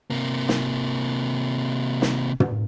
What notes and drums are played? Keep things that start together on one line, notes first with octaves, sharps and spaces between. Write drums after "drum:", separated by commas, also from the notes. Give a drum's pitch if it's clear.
C3 A#3
drum: snare
drum: snare
drum: tom